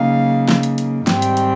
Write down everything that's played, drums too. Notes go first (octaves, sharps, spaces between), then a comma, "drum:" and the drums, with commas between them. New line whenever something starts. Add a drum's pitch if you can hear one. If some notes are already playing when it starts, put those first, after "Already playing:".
Already playing: C#3 F#3 A#3 D#4 F5
drum: snare
drum: hi-hat
drum: hi-hat
G#2 D#3 G3 C4 G5, drum: snare
drum: hi-hat
drum: hi-hat